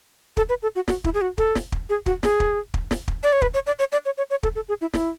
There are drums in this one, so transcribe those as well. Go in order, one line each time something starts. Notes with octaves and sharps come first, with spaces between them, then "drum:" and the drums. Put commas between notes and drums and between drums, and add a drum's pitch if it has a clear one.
A4, drum: kick
B4
A4
F#4
F#4, drum: snare
E4, drum: kick
G#4
F#4
A4, drum: kick
drum: snare
drum: kick
G#4
F#4, drum: kick
G#4, drum: snare
drum: kick
drum: kick
drum: snare
drum: kick
D5
C#5
B4, drum: kick
C#5
D5
C#5
D5
C#5
C#5
C#5
A4, drum: kick
A4
G#4
E4
E4, drum: snare